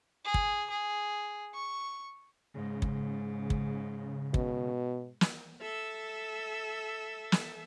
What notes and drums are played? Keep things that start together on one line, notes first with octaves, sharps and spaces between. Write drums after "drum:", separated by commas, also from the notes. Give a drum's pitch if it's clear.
G#4
drum: kick
G#4
C#6
G#2 C#3
drum: kick
drum: kick
B2, drum: kick
drum: snare
A4 E5
drum: snare